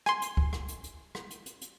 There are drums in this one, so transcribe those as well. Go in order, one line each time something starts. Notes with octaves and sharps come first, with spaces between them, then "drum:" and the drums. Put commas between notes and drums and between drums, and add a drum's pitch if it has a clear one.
G#5 C6, drum: rim click
drum: hi-hat
drum: kick
drum: rim click
drum: hi-hat
drum: hi-hat
drum: rim click
drum: hi-hat
drum: hi-hat
drum: hi-hat